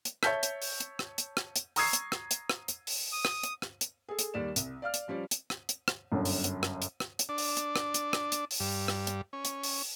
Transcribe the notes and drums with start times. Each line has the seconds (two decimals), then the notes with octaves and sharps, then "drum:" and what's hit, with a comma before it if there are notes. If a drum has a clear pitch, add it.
0.05 drum: hi-hat
0.23 C#5 E5 A5 E6 G6 B6, drum: rim click
0.43 drum: hi-hat
0.62 drum: open hi-hat
0.80 drum: hi-hat
0.99 drum: rim click
1.18 drum: hi-hat
1.37 drum: rim click
1.56 drum: hi-hat
1.76 A#5 C#6 D#6 E6 G#6 C7, drum: open hi-hat
1.93 drum: hi-hat
2.12 drum: rim click
2.31 drum: hi-hat
2.50 drum: rim click
2.68 drum: hi-hat
2.87 drum: open hi-hat
3.13 D#6
3.25 drum: rim click
3.43 drum: hi-hat
3.62 drum: rim click
3.81 drum: hi-hat
4.09 G#4 A4
4.19 drum: hi-hat
4.34 D#2 G3 D5 E7
4.56 C2, drum: hi-hat
4.82 D5 F5 F6
4.94 drum: hi-hat
5.08 F3 G3 C#4 D5
5.31 drum: hi-hat
5.50 drum: rim click
5.69 drum: hi-hat
5.88 drum: rim click
6.12 G1 F#2
6.25 drum: open hi-hat
6.44 drum: hi-hat
6.63 drum: rim click
6.82 drum: hi-hat
7.00 drum: rim click
7.19 drum: hi-hat
7.29 D4
7.38 drum: open hi-hat
7.57 drum: hi-hat
7.76 drum: rim click
7.94 drum: hi-hat
8.13 drum: rim click
8.32 drum: hi-hat
8.51 drum: open hi-hat
8.60 G2
8.88 drum: rim click
9.07 drum: hi-hat
9.33 C#4
9.45 drum: hi-hat
9.63 drum: open hi-hat